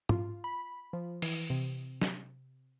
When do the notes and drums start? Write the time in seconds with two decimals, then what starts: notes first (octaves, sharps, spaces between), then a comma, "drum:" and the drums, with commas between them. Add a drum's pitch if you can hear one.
0.09 F4, drum: tom G#2
0.44 B5
0.93 F3
1.22 E3, drum: open hi-hat
1.50 C3
2.02 drum: snare